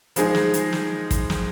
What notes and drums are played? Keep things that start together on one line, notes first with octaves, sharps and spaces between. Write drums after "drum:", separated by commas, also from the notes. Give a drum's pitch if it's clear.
F3 G#3 D#4 G#4, drum: hi-hat
drum: snare
drum: hi-hat
drum: snare
drum: kick, hi-hat
drum: snare